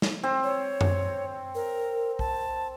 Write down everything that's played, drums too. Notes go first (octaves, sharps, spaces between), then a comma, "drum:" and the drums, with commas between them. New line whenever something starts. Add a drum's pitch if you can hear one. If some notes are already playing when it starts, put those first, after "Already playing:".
drum: snare
C4
C#5
drum: tom F#2
A#4
A5, drum: kick B1